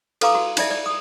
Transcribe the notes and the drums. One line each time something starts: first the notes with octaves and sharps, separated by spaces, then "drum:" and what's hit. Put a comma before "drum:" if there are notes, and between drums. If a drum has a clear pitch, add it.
A4 B4 F5 A#5 D6 D#6, drum: cymbal
F#4
D#4 F4 D5 E5, drum: cymbal
D5
D#6